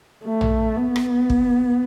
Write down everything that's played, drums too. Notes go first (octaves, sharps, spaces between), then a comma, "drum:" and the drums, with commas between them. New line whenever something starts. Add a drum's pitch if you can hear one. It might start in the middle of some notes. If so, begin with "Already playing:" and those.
A3
drum: tom A#1
B3
drum: rim click
drum: kick